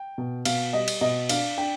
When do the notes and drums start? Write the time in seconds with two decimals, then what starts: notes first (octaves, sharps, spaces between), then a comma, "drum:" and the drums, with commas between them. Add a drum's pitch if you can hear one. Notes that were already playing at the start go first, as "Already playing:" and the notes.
Already playing: G5
0.18 B2
0.45 B2 F5, drum: cymbal
0.73 G3 D#5
0.88 drum: cymbal
1.01 B2 D#5
1.29 D4 F5, drum: cymbal
1.57 D4 G5